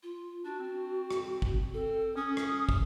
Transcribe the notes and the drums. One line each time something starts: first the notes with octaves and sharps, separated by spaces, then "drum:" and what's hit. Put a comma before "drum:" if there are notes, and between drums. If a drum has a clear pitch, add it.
F4
D4 F#4
C4
drum: rim click
drum: kick
C4 A4
C#4 D#6
drum: rim click
drum: kick